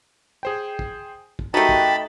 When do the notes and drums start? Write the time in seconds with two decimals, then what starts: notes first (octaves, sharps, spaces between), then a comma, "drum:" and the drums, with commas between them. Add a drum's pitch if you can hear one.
0.43 G#4 C5 G5
0.79 drum: kick
1.39 drum: kick
1.54 A3 D#4 F#4 G4 A#4 G5 A5 B5
1.69 drum: kick